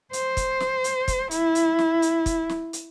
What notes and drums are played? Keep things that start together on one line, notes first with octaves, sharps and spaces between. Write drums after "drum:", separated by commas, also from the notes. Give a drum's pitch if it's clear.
C5, drum: hi-hat
drum: kick, hi-hat
drum: snare
drum: hi-hat
drum: kick, hi-hat
E4, drum: hi-hat
drum: hi-hat
drum: snare
drum: hi-hat
drum: kick, hi-hat
drum: snare
drum: hi-hat